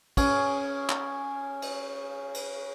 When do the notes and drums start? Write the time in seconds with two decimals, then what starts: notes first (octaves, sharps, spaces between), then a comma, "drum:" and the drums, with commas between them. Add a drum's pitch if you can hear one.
0.17 C#4 G#4, drum: kick, cymbal
0.90 drum: clap
1.62 drum: cymbal
2.35 drum: cymbal